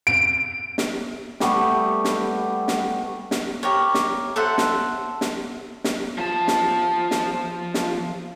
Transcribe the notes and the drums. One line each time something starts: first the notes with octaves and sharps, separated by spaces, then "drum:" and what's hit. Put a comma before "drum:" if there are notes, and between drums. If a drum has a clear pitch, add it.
D7
drum: snare
G3 A3 B3 G4, drum: snare
drum: snare
drum: snare
drum: snare
G4 A#4 C#5
drum: snare
A4 C5 E5 F#5
drum: snare
drum: snare
drum: snare
F3 A5
drum: snare
drum: snare
drum: snare